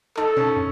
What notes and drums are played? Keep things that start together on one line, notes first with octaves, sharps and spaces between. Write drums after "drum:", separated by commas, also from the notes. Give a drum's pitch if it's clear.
D#4 A4, drum: clap
C#4, drum: tom
drum: tom